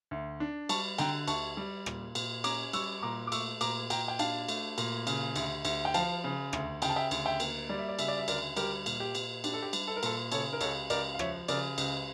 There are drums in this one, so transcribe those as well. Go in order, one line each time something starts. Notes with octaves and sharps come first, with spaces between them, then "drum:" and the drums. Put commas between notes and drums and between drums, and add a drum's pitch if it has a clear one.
D2
D4
G3 A5 C#6, drum: cymbal
D3 G5 A#5, drum: cymbal
D2 A5 C#6, drum: cymbal
G3
A#2, drum: rim click
A#2, drum: cymbal
C#4 A#5 D6, drum: cymbal
G3 C#6 E6, drum: cymbal
C#6
A#2 A#5 D6
D6
A3 C#6 E6, drum: cymbal
A#2 A#5 D6, drum: cymbal
A#2 G5 A#5, drum: cymbal
G5
D4 F5 A5, drum: cymbal
A3, drum: cymbal
A#2, drum: cymbal
C#3, drum: cymbal
D2, drum: cymbal
D2, drum: cymbal
G5
F3 F5 A5, drum: cymbal
C#3
D2, drum: rim click
C#3 G5, drum: cymbal
A5
E5 G5
D2, drum: cymbal
E5 G5
A#3, drum: cymbal
G3 D5
E5
D5
C#3 E5, drum: cymbal
D5
E5
D2 A#4 D5, drum: cymbal
G3 G4 A#4, drum: cymbal
A#2, drum: cymbal
G4
A#2, drum: cymbal
D4 G4, drum: cymbal
A4
G4
G3, drum: cymbal
A4
A#4
A#2 A4, drum: cymbal
C#3 A4 C#5, drum: cymbal
A#4
C#2 A4 C#5, drum: cymbal
C#2 A#4 D5, drum: cymbal
F5
F3 C#5 E5, drum: rim click
C#3 A#4 D5, drum: cymbal
C#2, drum: cymbal